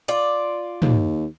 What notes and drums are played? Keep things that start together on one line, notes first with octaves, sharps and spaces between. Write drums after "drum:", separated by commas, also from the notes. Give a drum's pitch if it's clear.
F4 D5
D#2, drum: tom